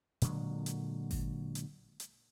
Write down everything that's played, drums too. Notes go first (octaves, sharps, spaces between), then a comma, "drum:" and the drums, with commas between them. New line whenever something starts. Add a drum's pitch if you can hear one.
A#2 D3 F#3 G#3, drum: hi-hat
drum: hi-hat
drum: kick G#1, open hi-hat
drum: hi-hat
drum: hi-hat